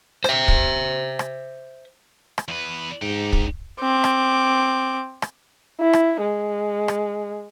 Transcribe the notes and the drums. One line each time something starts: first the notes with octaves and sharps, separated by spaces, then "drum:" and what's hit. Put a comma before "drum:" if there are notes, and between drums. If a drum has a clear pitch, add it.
C5 E5, drum: rim click
drum: kick
drum: rim click
drum: rim click
E2 B4
G#2 D#4 G4
drum: kick
C4 D6
drum: rim click
drum: rim click
E4
drum: rim click
G#3
drum: rim click